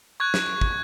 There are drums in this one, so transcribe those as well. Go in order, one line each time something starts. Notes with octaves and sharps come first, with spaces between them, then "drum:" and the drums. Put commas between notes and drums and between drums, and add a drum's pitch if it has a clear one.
C#6 F#6 G#6
drum: snare
drum: kick